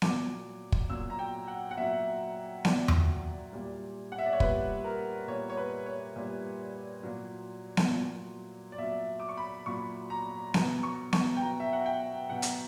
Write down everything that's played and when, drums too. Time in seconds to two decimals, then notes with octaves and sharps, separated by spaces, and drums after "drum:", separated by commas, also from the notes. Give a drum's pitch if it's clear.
0.02 A#2 F#3 D6, drum: snare B3
0.72 drum: kick
0.90 A#2 F#3 E6
1.10 A#5
1.19 G5
1.47 F#5
1.71 F#5
1.77 A#2 F#3 E5
2.65 A#2 F#3 D5, drum: snare B3
2.88 drum: tom E2
3.53 A#2 G3
4.12 F#5
4.18 E5
4.26 D5
4.33 C#5
4.40 A#2 G3 B4, drum: kick
4.84 A#4
5.28 A#2 G3 C#5
5.50 C#5
5.57 B4
5.86 C#5
6.16 A#2 G3
7.03 A#2 F#3
7.77 drum: snare B3
7.91 A#2 F#3
8.72 D5
8.78 A#2 F#3 E5
9.20 D6
9.29 C#6
9.37 B5
9.66 A#2 F#3 C#6
10.10 A#5
10.54 B2 F#3 A#5, drum: snare B3
10.83 C#6
11.13 C#6, drum: snare B3
11.36 G5
11.41 B2 F#3 A#5
11.60 E5
11.73 F#5
11.86 G5
12.29 B2 F#3 F#5
12.42 drum: hi-hat